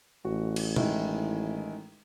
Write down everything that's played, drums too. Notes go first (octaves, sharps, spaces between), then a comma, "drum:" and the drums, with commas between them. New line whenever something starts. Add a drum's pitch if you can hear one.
A1 F#4
drum: cymbal
D#3 G#3 E4, drum: tom B2